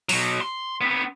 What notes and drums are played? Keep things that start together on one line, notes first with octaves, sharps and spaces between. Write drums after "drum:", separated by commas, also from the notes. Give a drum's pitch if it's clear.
B2 F#3, drum: open hi-hat
C6
B3 C4